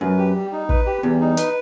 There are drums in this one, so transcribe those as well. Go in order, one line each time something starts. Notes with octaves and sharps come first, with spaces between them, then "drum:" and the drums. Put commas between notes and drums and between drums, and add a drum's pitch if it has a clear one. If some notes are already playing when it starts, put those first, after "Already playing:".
F#2 B4
G4
G3
D#4
B4, drum: kick
G4
E2 G3
D#4
B4, drum: hi-hat